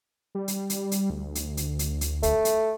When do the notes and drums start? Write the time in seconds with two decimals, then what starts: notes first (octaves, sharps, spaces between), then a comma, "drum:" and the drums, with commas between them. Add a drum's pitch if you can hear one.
0.35 G3
0.48 drum: hi-hat
0.70 drum: hi-hat
0.92 drum: hi-hat
1.10 D2
1.35 drum: hi-hat
1.57 drum: hi-hat
1.79 drum: hi-hat
2.01 drum: hi-hat
2.23 A3, drum: kick, hi-hat
2.45 drum: hi-hat